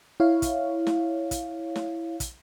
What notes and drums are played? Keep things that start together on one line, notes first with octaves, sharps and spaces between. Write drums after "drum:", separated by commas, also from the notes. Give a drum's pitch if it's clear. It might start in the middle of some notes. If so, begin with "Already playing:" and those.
E4 C#5 F5
drum: kick, hi-hat
drum: snare
drum: kick, hi-hat
drum: snare
drum: kick, hi-hat